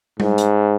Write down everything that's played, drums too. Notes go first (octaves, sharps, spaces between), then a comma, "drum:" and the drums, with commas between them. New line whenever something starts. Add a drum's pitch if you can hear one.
G#2, drum: tom G3
drum: hi-hat